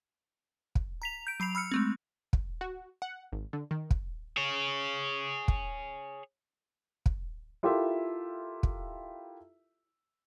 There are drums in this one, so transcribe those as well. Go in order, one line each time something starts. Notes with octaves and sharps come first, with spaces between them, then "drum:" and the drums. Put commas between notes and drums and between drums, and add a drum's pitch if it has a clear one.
drum: kick
A#5 B6 F7
G6 D7
F#3 B5 C7 F7
B5 E6 F6 C#7
G#3 A3 C4
drum: kick
F#4
F#5
G#1
D3
D#3
drum: kick
G#4 C#5
drum: kick
drum: kick
E4 F4 G4 A4 A#4 E5
drum: kick